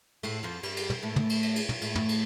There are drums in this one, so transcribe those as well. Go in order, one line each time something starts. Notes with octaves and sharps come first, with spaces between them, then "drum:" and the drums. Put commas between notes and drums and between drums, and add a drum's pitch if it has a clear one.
A2 A3, drum: cymbal
F2 F3
G2 G3, drum: cymbal
drum: cymbal
drum: tom
A2 A3
drum: tom
drum: cymbal
drum: cymbal
drum: cymbal
drum: tom
A2 A3, drum: cymbal
drum: tom
drum: cymbal